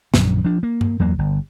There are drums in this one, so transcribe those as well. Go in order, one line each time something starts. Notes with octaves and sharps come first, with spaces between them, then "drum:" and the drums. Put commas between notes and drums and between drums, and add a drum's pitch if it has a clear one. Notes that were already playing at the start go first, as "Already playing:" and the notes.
A#1 F#2 D3, drum: snare
F3 D4
A#3
drum: tom G2
E2 F#3 A#3
G1